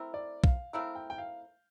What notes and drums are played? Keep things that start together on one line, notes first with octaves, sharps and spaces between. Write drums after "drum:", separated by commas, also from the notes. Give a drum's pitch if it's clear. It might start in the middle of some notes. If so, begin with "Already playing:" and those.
Already playing: A3 C4 E4 A#4
D5
F5, drum: kick
A3 C4 E4 A#4 F5
G5
G5
F5